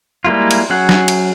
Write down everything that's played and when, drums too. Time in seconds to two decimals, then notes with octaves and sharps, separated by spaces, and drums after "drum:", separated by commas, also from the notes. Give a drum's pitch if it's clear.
0.25 G3 G#3 A#3 E4 F4
0.51 drum: cymbal
0.70 F#3 C#4 G#4 F#5
0.89 drum: snare
1.08 drum: cymbal